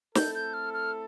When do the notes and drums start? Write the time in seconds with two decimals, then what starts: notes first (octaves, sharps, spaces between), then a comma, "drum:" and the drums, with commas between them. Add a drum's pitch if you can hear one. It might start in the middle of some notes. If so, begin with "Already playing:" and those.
0.15 A3 C4 E4 A4 G6, drum: snare
0.35 G6
0.54 F6
0.74 F6